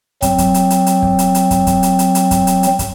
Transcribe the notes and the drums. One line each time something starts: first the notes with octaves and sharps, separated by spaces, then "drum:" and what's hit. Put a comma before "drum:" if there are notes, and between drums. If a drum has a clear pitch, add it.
F#3 C4, drum: kick, hi-hat
drum: kick, hi-hat
drum: hi-hat
drum: hi-hat
drum: hi-hat
drum: kick
drum: hi-hat
drum: hi-hat
drum: kick, hi-hat
drum: kick, hi-hat
drum: hi-hat
drum: hi-hat
drum: hi-hat
drum: kick, hi-hat
drum: hi-hat
drum: hi-hat
drum: kick, hi-hat